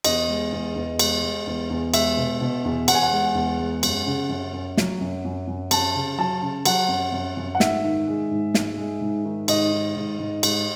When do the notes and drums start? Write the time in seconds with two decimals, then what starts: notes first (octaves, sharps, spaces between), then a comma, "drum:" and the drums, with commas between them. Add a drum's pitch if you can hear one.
0.04 E2 D#5, drum: cymbal
0.28 G#3
0.52 E2
0.75 E2
0.99 G#3, drum: cymbal
1.23 G#3
1.47 E2
1.70 E2
1.94 G#3 E5, drum: cymbal
2.17 B2
2.41 B2
2.65 E2
2.88 E2 F#5, drum: cymbal
2.95 G#5
3.03 F#5
3.11 G#3
3.35 E2
3.59 G#3
3.83 F#2, drum: cymbal
4.06 C#3
4.29 F#2
4.53 F#2
4.77 F#3, drum: snare
5.01 F#2
5.25 F#2
5.47 F#2
5.71 F#2 A5, drum: cymbal
5.95 C#3
6.18 F#3 A5
6.42 C#3
6.65 F#3 F#5, drum: cymbal
6.89 F#2
7.12 F#2
7.37 F#2
7.55 F#5
7.60 G#2 E5, drum: snare
7.84 D#3
8.07 G#3
8.31 G#2
8.54 G#2, drum: snare
8.78 G#3
9.01 G#2
9.25 D#3
9.48 G#2 D#5, drum: cymbal
9.72 D#3
9.96 G#2
10.19 G#2
10.43 G#2, drum: cymbal